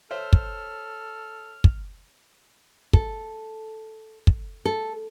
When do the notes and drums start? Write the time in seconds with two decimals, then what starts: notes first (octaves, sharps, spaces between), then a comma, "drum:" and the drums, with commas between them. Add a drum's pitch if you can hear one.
0.11 A4 C5 C#5 E5 F6
0.33 drum: kick
1.64 drum: kick
2.93 A4, drum: kick
4.27 drum: kick
4.65 A4